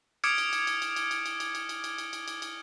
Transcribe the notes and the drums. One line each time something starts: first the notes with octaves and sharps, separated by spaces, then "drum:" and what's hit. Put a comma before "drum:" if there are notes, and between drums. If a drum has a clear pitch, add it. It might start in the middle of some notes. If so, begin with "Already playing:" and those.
D6 D#6 F6 G#6 C#7 D7, drum: cymbal
drum: cymbal
drum: cymbal
drum: cymbal
drum: cymbal
drum: cymbal
drum: cymbal
drum: cymbal
drum: cymbal
drum: cymbal
drum: cymbal
drum: cymbal
drum: cymbal
drum: cymbal
drum: cymbal
drum: cymbal